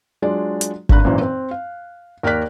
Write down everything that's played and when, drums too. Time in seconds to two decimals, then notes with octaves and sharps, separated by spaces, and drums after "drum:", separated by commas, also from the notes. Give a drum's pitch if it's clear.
0.22 F#3 G#3 D4 F4 D5
0.61 drum: hi-hat
0.89 G#1 D3 A#5 B5 F#6, drum: kick G1
1.04 G#1 F#2 A#2 E3 D#4 C5
1.21 C4
1.51 F5
2.23 D#2 A#4 D5 F6 F#6 B6